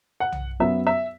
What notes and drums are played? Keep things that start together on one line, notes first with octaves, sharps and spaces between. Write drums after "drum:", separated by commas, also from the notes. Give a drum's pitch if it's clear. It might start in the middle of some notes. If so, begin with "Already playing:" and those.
F#5
drum: tom B1
F#2 F#3 B3 E5
E5